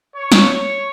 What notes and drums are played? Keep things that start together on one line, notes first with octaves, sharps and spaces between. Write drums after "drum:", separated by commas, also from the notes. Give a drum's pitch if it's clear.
C#5
drum: snare